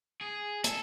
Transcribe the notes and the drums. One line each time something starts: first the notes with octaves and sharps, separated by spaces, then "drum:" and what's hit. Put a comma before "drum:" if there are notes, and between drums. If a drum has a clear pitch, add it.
G#4
A4, drum: hi-hat